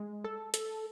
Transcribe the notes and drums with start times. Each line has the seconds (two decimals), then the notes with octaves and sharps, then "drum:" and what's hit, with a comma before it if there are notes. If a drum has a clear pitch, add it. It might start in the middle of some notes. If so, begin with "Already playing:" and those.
Already playing: G#3
0.24 A4
0.54 A4, drum: hi-hat